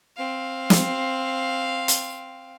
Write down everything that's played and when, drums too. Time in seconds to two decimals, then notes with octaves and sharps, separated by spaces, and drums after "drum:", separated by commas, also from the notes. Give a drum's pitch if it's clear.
0.17 C4 F5
0.70 drum: snare
1.88 drum: hi-hat